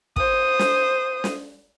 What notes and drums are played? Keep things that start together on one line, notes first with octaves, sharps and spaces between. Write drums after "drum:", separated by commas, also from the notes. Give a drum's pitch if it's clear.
C5 D#6, drum: kick
drum: snare
drum: snare